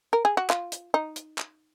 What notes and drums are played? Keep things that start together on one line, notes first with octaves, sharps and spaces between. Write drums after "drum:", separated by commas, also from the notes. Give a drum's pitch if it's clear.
A#4
G#4
F#4
F4, drum: clap
drum: hi-hat
D#4
drum: hi-hat
drum: clap